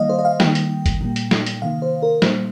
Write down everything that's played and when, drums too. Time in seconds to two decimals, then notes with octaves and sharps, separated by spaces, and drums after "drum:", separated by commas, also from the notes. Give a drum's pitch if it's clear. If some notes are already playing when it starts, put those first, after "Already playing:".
Already playing: D#3 G3 A#3 D#5 F5
0.09 C5
0.19 D#5
0.25 F5
0.40 D#3 G3 A#3 G5, drum: snare
0.55 drum: hi-hat
0.86 drum: kick, hi-hat
1.01 A#2 G3 A#3
1.16 drum: hi-hat
1.31 drum: snare
1.46 drum: hi-hat
1.62 C3 D#3 A#3 F5
1.82 C5
2.03 A#4
2.22 A#2 G3 A#3 C5, drum: snare